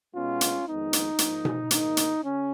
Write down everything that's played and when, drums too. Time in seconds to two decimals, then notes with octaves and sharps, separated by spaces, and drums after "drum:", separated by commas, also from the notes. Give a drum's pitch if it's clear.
0.14 B2 G#3 B3 C#4 F4
0.41 drum: hi-hat
0.67 F2 D#3 G#3 B3 D#4
0.93 drum: hi-hat
1.18 G#2 F3 A#3, drum: hi-hat
1.45 drum: tom B2
1.71 G#2 D#3 A#3 D#4, drum: hi-hat
1.97 drum: hi-hat
2.23 C#3 C#4